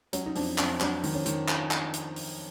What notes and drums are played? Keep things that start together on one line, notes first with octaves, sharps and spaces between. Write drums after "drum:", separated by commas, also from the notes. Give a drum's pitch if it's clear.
F#3 C#4, drum: hi-hat
D#4
F2 D4, drum: open hi-hat
F2 D4, drum: clap
F#3 D4, drum: clap
D#3, drum: open hi-hat
C#4
D#3, drum: hi-hat
drum: clap
drum: clap
drum: hi-hat
drum: open hi-hat